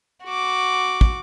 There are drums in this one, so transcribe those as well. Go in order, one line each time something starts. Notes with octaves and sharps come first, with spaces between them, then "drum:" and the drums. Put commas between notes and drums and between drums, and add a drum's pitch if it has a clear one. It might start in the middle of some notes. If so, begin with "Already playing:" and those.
F#4 D6
drum: kick